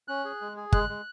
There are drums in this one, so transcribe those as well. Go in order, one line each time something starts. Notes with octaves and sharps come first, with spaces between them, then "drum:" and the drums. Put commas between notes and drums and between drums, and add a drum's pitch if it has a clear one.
C#4 F#6
G#4
G#3
G#4
G#3 F#6, drum: kick G1
G#3